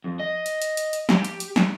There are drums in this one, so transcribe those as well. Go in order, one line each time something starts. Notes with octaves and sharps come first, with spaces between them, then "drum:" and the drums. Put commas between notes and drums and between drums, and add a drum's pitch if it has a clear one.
F2
D#5
drum: hi-hat
drum: hi-hat
drum: hi-hat
drum: hi-hat
G4, drum: snare
drum: hi-hat
drum: hi-hat
drum: snare